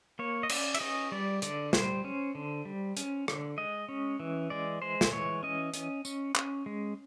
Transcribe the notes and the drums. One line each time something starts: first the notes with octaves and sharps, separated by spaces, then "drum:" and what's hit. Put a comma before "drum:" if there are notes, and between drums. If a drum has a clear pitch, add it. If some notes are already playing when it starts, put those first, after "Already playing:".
A#3 C#5
D#5
C#4 D5, drum: cymbal
E5, drum: cymbal
C#4 D#5
G3 D5
D3 D5, drum: hi-hat
G3 C5, drum: snare
C#4
D3
G3
C#4, drum: hi-hat
D3, drum: rim click
G#3 D#5
C#4
E3
G#3 D5
G#3 C5
drum: snare
E3 C#5
C#4 D#5
C#4, drum: hi-hat
C#4, drum: tambourine
C#4, drum: clap
G#3